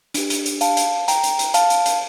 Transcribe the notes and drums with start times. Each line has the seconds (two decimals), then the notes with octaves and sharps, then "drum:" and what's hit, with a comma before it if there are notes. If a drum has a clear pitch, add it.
0.14 D4 G4, drum: hi-hat
0.30 drum: hi-hat
0.46 drum: hi-hat
0.61 F5 A5, drum: hi-hat
0.77 drum: hi-hat
1.08 G5 A#5, drum: hi-hat
1.24 drum: hi-hat
1.39 drum: hi-hat
1.54 F5 A5, drum: hi-hat
1.70 drum: hi-hat
1.86 drum: hi-hat